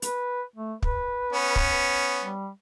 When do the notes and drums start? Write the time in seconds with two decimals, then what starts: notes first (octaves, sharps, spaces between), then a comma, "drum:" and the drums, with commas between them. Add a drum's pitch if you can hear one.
0.02 B4, drum: hi-hat
0.56 A3
0.83 B4, drum: kick
1.33 B3 C#4
1.56 drum: kick
2.21 G3